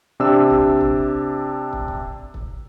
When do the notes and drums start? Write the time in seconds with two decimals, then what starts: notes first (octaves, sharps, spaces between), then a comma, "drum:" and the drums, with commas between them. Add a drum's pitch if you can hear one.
0.20 C3 D4 G4 E6
0.50 drum: kick
0.81 drum: kick
1.73 drum: kick
1.88 drum: kick
2.34 drum: kick